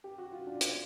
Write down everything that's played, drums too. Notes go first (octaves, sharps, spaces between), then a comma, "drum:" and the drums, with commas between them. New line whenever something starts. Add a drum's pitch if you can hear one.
G4
F#4
F4
D4
drum: hi-hat